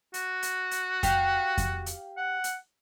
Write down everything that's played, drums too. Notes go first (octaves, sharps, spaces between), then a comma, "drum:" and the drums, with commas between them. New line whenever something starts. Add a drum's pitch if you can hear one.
F#4, drum: hi-hat
drum: hi-hat
drum: hi-hat
G4 F5, drum: kick F2, hi-hat
drum: kick F2, hi-hat
drum: hi-hat
F#5
drum: hi-hat